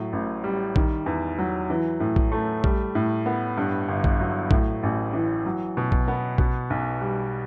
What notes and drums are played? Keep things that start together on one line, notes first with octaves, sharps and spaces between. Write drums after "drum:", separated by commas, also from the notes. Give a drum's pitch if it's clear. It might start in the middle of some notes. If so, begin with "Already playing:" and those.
Already playing: A2 F#3
A1
G3
D#3, drum: kick A#1
E2
F#3
E3
A2
drum: kick A#1
A3
G3, drum: kick A#1
A2
B3
G2
G1
drum: kick A#1
F#3
A2, drum: kick A#1
A1
E3
F#3
B2
drum: kick A#1
B3
B2, drum: kick A#1
B1
G3